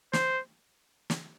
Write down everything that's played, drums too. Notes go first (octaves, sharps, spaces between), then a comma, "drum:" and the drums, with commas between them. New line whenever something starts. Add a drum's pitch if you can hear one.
C5, drum: snare
drum: snare